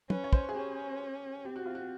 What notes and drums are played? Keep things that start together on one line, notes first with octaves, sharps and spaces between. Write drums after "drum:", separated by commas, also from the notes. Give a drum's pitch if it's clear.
C#4 B4, drum: tom
C#5
C5, drum: kick
G#4
C#4 G4
C4 G4
F#4
F4
F#4